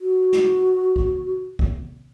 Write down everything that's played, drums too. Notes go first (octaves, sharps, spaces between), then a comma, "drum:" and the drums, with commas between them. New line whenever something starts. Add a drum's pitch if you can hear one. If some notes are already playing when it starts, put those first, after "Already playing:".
F#4
drum: snare
drum: kick
drum: kick